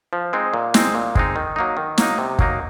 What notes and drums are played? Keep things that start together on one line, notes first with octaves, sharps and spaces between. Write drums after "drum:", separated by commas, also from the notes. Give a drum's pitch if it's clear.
F3
G#3 C4 D#4
A#2
G#3 C4 D#4, drum: snare
A#2
G#3 C4 D#4, drum: kick
D#3
F#3 A#3 D#4
D#3
F#3 A#3 D#4, drum: snare
C3
F#3 A#3 D#4, drum: kick